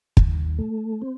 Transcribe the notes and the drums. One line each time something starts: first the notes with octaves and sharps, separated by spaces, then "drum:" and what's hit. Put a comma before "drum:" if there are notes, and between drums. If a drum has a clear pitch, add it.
D#2, drum: kick
A3
C4